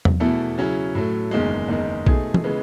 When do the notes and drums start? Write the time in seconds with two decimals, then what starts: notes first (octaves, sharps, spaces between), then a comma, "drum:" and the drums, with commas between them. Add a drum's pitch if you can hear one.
0.05 drum: tom E2
0.20 E2 B2 A3 E4 A4
0.58 C#3 F#3 C#4 E4
0.95 A2 F#3 A3
1.31 F#1 E2 D#3 G#3
1.69 F#1 E2 D#3 G#3 D#4
2.07 B2 A3 D#4 G#4, drum: kick A#1
2.34 drum: tom E3
2.44 C#3 E3 G#3 B3